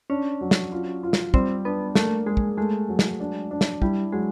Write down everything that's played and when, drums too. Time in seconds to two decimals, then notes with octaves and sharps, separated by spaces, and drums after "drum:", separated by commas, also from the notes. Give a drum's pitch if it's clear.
0.10 C#4 D4
0.41 F#3
0.51 drum: snare
0.72 F4
1.03 F4
1.13 drum: snare
1.34 G3 C4, drum: kick
1.65 B3 D4
1.95 A3 A#3, drum: snare
2.26 G#3 G#4
2.37 drum: kick
2.57 G#3 A3
2.89 F#3
2.99 drum: snare
3.20 D4
3.51 D4
3.61 drum: snare
3.82 G3 E4, drum: kick
4.12 F#3 G#3